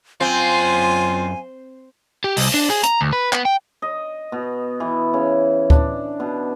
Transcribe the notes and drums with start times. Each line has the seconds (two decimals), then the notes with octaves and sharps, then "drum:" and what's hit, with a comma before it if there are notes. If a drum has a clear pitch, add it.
0.21 F#2 C4 F4 F5 G#5
2.24 G4
2.37 C2, drum: open hi-hat
2.54 D4
2.70 G#4
2.83 A#5, drum: hi-hat
3.01 D2
3.13 B4
3.33 B3, drum: clap
3.45 G5
3.82 D#5
4.32 B2
4.80 E3
5.14 C#3
5.70 D4, drum: kick D2
6.20 B2